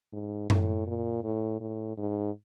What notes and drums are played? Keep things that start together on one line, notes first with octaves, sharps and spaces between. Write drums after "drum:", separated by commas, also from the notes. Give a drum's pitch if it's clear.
G#2
A2, drum: tom F#2
A#2
A2
A2
G#2